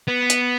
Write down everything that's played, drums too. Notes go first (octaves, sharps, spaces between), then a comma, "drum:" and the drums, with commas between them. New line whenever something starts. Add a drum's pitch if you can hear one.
B3
drum: hi-hat